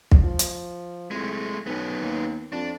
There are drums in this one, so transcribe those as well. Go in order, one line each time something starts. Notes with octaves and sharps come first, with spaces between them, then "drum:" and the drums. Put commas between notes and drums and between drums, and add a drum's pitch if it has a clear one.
drum: kick
F3
drum: hi-hat
C2 G#3 A3
B1 B3 C#4
D#2
F2 D4